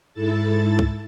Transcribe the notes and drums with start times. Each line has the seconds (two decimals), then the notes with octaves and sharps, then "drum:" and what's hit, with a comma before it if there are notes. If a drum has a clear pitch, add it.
0.13 G#2 E4 A4 A5 A6
0.79 drum: kick C2